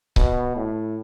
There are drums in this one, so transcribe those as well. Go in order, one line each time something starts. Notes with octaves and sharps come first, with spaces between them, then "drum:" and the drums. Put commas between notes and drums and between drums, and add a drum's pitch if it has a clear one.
B2, drum: kick C#1
A2